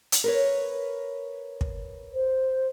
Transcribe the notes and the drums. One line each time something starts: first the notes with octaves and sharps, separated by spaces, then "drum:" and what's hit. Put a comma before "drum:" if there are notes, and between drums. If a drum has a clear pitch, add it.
drum: hi-hat
A#4 B4 C#5
drum: kick
C5